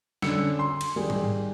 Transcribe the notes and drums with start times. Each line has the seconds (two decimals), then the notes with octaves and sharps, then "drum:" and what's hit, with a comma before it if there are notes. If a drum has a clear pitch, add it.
0.22 D3 C#4 E6 C#7, drum: snare
0.59 C6
0.81 drum: cymbal
0.96 D#3 G3 G#4
1.10 drum: tom G#2